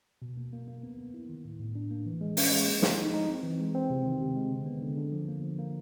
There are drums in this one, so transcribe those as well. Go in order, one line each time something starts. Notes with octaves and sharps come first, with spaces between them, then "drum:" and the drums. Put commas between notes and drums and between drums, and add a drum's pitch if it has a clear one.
B2
A#3
A#3
A#3
B3
B3
E4
D#3
A2
A2
D4
A#3
E3
G#3
C#4, drum: open hi-hat
G#3
A#3
F3, drum: snare
D#4
D#4
C4
E3
G#3
C4
C3
D#3
C3
G#3
D3
B3
D3
D3
F3
A#3
F3
A#3